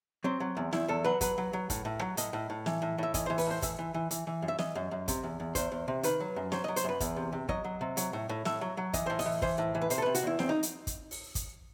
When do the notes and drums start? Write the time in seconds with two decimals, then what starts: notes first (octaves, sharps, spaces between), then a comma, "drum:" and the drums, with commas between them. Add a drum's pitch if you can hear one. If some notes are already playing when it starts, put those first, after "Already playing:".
0.24 F#3 C4
0.40 F#3
0.57 E2
0.72 E2 E4, drum: snare
0.88 E2 A4
1.04 F#3 B4
1.21 F#3 B4, drum: kick, hi-hat
1.38 F#3
1.53 F#3
1.70 A2, drum: kick, hi-hat
1.85 A2
2.01 F#3
2.17 A2 D#5, drum: hi-hat
2.33 A2
2.50 A2
2.66 E3, drum: snare
2.82 A2
2.98 A2 E5
3.14 E3 D#5, drum: kick, hi-hat
3.26 E3 C5
3.38 B4, drum: open hi-hat
3.46 A2 C5
3.62 E3 E5, drum: kick, hi-hat
3.79 E3
3.94 E3
4.11 E3, drum: hi-hat
4.27 E3
4.42 F#2
4.48 E5
4.58 E3 D#5, drum: snare
4.75 F#2
4.91 F#2
5.08 C3, drum: kick, hi-hat
5.23 E2
5.40 E2
5.55 E2 C5, drum: kick, hi-hat
5.72 E2
5.88 C3
6.03 D#3 B4, drum: hi-hat
6.20 F#3
6.36 F#2
6.52 F#3 C5, drum: snare
6.64 F#3 D#5
6.76 C5, drum: hi-hat
6.84 F#2 B4
7.00 E2, drum: kick, hi-hat
7.16 C3
7.32 C3
7.49 F#3 D#5, drum: kick
7.64 F#3
7.81 C3
7.97 F#3, drum: hi-hat
8.13 A2
8.29 A2
8.45 A2 E5, drum: snare
8.61 F#3
8.77 F#3
8.93 E3 D#5, drum: kick, hi-hat
9.06 A2 C5
9.19 D#5, drum: open hi-hat
9.26 E3
9.42 E3 C5, drum: kick
9.58 A2
9.75 E3
9.81 B4
9.90 C3 C5, drum: hi-hat
9.98 A4
10.02 C3 B4
10.15 F#4, drum: hi-hat
10.23 E2 E4
10.39 E2 C4, drum: snare
10.49 D#4
10.63 drum: hi-hat
10.87 drum: kick, hi-hat
11.11 drum: open hi-hat
11.35 drum: kick, hi-hat